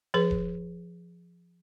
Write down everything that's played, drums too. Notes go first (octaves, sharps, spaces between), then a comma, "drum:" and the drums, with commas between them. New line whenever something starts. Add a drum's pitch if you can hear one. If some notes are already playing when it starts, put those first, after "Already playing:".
F3 G#4 B4
drum: kick D#1